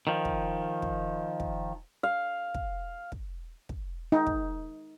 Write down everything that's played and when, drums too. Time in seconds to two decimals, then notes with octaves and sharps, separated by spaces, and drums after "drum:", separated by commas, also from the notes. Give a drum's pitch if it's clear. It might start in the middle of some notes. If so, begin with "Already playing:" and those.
0.07 D#3 F3
0.25 drum: kick
0.82 drum: kick
1.40 drum: kick
2.03 F5
2.54 drum: kick
3.12 drum: kick
3.69 drum: kick
4.12 D#4
4.27 drum: kick